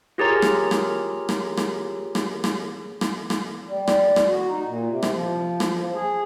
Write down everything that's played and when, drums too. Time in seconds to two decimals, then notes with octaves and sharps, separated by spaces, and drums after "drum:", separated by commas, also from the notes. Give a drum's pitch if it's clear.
0.18 F4 G4 G#4 A#4 C#5 A#5
0.42 drum: rim click
0.71 drum: rim click
1.29 drum: rim click
1.57 drum: rim click
2.15 drum: rim click
2.44 drum: rim click
3.01 drum: rim click
3.30 drum: rim click
3.68 G3
3.87 drum: rim click
4.16 drum: rim click
4.26 F#4
4.48 D#4
4.67 A#2
4.88 C3
5.03 drum: rim click
5.13 F3
5.60 drum: rim click
5.95 G#4